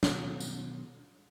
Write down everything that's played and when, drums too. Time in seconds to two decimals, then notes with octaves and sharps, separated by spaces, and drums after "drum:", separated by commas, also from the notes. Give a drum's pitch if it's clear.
0.03 B2 D#3 F#3, drum: snare
0.40 drum: tambourine